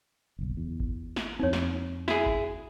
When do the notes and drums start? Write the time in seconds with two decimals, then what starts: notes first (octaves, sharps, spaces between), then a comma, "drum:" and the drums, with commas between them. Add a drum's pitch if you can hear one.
0.39 F#1 B1
0.57 E2
0.80 drum: kick G1
1.16 drum: snare
1.39 F2 C4 D#4 C#5
1.53 drum: snare
2.08 E4 F#4 G#4 E5, drum: snare
2.26 drum: kick G1